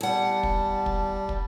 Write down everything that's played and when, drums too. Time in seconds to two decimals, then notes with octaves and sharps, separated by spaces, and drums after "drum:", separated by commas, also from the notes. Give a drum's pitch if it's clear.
0.01 E2 G3 F#5 A5
0.43 drum: kick
0.86 drum: kick
1.29 drum: kick